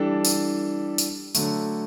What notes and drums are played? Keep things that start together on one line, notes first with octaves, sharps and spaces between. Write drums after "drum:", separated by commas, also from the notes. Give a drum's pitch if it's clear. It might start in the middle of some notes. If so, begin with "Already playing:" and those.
Already playing: E3 G3 D4 A4
drum: tambourine
drum: tambourine
D3 F#3 A3, drum: tambourine